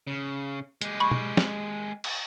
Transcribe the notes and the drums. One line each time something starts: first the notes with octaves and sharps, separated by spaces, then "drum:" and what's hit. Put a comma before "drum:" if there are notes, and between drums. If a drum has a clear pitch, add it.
C#3
G#3 G4, drum: hi-hat
B5 C#6
drum: tom B2
drum: snare
drum: cymbal